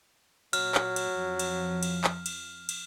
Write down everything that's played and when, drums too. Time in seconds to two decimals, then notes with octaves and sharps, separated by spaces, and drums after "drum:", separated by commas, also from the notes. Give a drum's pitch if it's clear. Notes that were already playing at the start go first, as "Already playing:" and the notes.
0.53 A#2 F#3 F6, drum: cymbal
0.75 drum: clap
0.96 drum: cymbal
1.12 F2 F3
1.39 drum: cymbal
1.83 drum: cymbal
2.04 drum: clap
2.26 drum: cymbal
2.69 drum: cymbal